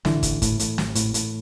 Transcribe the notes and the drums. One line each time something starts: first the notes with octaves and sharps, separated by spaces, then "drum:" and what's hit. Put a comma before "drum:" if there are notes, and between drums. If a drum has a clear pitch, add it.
A1 D3 E3, drum: snare
A1, drum: kick, hi-hat
A2, drum: kick, hi-hat
A2, drum: hi-hat
A1, drum: snare
A2, drum: hi-hat
A2, drum: hi-hat